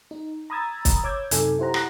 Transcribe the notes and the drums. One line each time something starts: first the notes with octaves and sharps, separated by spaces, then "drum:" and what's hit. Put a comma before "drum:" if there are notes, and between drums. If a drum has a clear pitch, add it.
D#4
A#5 B5 D#6 E6 G#6 A6
drum: kick, hi-hat
C#5 D6 E6 G6 G#6
F#2 C3 D#4 A4 G#5, drum: hi-hat
E4 G4 C5 F#5 A#5
E4 F#5 F#6 A#6, drum: rim click